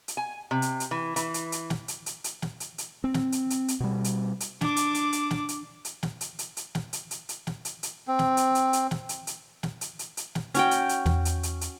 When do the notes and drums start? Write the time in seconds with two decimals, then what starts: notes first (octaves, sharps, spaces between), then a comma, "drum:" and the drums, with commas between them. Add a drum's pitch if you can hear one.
0.08 drum: hi-hat
0.17 G#5
0.51 C3
0.62 drum: hi-hat
0.80 drum: hi-hat
0.91 E3
1.16 E3, drum: hi-hat
1.34 drum: hi-hat
1.52 drum: hi-hat
1.70 drum: snare
1.88 drum: hi-hat
2.06 drum: hi-hat
2.24 drum: hi-hat
2.42 drum: snare
2.60 drum: hi-hat
2.78 drum: hi-hat
3.04 C4
3.14 drum: snare
3.32 drum: hi-hat
3.50 drum: hi-hat
3.68 drum: hi-hat
3.80 B2 G3
4.04 drum: hi-hat
4.40 drum: hi-hat
4.61 D4 D6, drum: snare
4.76 drum: hi-hat
4.94 drum: hi-hat
5.13 drum: hi-hat
5.31 drum: snare
5.49 drum: hi-hat
5.85 drum: hi-hat
6.03 drum: snare
6.21 drum: hi-hat
6.39 drum: hi-hat
6.57 drum: hi-hat
6.75 drum: snare
6.93 drum: hi-hat
7.11 drum: hi-hat
7.29 drum: hi-hat
7.47 drum: snare
7.65 drum: hi-hat
7.83 drum: hi-hat
8.08 C4
8.19 drum: snare
8.37 drum: hi-hat
8.55 drum: hi-hat
8.73 drum: hi-hat
8.91 drum: snare
9.09 drum: hi-hat
9.27 drum: hi-hat
9.63 drum: snare
9.81 drum: hi-hat
9.99 drum: hi-hat
10.17 drum: hi-hat
10.35 drum: snare
10.54 C#4 F#4 G5, drum: hi-hat
10.71 drum: hi-hat
10.89 drum: hi-hat
11.06 E2, drum: snare
11.25 drum: hi-hat
11.43 drum: hi-hat
11.61 drum: hi-hat